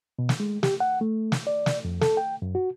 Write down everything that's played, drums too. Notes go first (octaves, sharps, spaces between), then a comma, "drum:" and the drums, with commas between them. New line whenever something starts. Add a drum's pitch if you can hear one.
B2
drum: snare
G#3
G4, drum: snare
F#5
A3
drum: snare
D5
drum: snare
F2
A4, drum: snare
G5
F#2
F#4